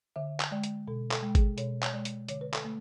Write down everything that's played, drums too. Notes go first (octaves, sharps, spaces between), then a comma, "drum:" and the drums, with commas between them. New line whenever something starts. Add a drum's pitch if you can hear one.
D3 E5
drum: clap
G#3 D5
drum: hi-hat
B2 A4
A4, drum: clap
G#3
G#4, drum: kick G#1, hi-hat
B2 C#5, drum: hi-hat
C#5, drum: clap
G#3 D5
drum: hi-hat
D3 C#5, drum: hi-hat
B4
A4, drum: clap
A3